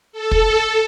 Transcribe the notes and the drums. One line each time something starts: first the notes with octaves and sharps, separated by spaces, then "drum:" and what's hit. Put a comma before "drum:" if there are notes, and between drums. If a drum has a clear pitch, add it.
A4
drum: kick